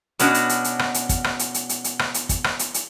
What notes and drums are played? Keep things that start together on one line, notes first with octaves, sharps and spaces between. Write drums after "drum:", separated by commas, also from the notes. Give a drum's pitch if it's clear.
B2 B3 C#4 D4 F#4, drum: hi-hat
drum: hi-hat
drum: hi-hat
drum: hi-hat
drum: rim click
drum: hi-hat
drum: kick, hi-hat
drum: rim click
drum: hi-hat
drum: hi-hat
drum: hi-hat
drum: hi-hat
drum: rim click
drum: hi-hat
drum: kick, hi-hat
drum: rim click
drum: hi-hat
drum: hi-hat